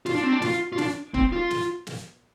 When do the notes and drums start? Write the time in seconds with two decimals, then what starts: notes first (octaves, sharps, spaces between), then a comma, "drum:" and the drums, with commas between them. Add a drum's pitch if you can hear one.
0.06 F4, drum: snare
0.14 D4
0.23 C4
0.32 D4
0.42 F4, drum: snare
0.73 F4
0.78 D4, drum: snare
1.14 C4, drum: kick
1.32 F4
1.50 drum: snare
1.87 drum: snare